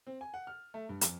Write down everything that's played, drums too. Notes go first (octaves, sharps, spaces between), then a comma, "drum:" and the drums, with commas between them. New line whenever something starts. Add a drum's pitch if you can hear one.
C4
G#5
F#5
F6
A3
G2
F2, drum: hi-hat